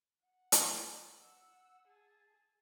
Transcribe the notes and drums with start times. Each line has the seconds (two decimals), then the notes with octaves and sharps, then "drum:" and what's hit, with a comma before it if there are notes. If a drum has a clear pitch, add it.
0.23 F#5
0.52 drum: hi-hat
1.20 F#5 E6
1.87 G#4 A5